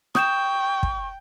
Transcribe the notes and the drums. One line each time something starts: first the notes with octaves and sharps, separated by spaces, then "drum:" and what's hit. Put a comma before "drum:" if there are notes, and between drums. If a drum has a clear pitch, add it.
G5 C#6 D#6 G6 E7, drum: rim click
drum: kick